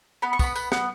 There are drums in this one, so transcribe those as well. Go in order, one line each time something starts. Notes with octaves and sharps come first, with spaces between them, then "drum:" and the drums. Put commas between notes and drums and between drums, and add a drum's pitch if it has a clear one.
B3 B5
C#6
B3 B5, drum: kick, tambourine
B3, drum: tambourine
B3, drum: snare